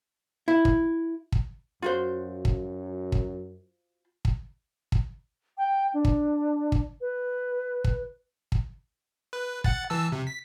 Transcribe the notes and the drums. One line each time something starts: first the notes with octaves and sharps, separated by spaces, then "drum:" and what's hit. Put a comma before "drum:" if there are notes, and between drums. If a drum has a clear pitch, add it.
E4
drum: kick
drum: kick
F#2 F4 F#4 C5
drum: kick
drum: kick
drum: kick
drum: kick
G5
D4
drum: kick
drum: kick
B4
drum: kick
drum: kick
B4
F#5 F#6 A6, drum: kick
E3 A5 E6
C3
B6